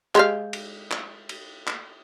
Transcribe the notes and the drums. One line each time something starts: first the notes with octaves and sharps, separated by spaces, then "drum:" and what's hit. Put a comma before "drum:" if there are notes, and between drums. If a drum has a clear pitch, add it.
G#3 G4 F5, drum: clap
drum: cymbal
drum: clap
drum: cymbal
drum: clap